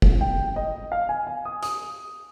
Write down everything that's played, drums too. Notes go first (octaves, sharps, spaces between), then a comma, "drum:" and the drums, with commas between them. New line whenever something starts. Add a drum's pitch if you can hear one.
drum: kick F1
G5
D#5
F5
G#5
G#5
D#6
D#6, drum: hi-hat